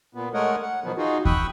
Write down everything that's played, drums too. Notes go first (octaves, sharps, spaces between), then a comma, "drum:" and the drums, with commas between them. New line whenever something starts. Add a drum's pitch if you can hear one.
A#2 B3
G#3 A3 A#4 C#5 D#5 F#5
F#5
B2 D#3 F3 F#3 B3
D#4 F4 F#4 G#4
G5 B5 C#6 D#6 E6 F#6, drum: kick D#2